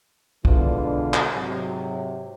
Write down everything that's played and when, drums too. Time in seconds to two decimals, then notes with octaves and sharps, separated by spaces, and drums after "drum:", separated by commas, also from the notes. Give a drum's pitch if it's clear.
0.45 B2 D3 E3 G#3 D4 F4, drum: kick B1
1.14 drum: clap
1.34 G#2 C3 F#3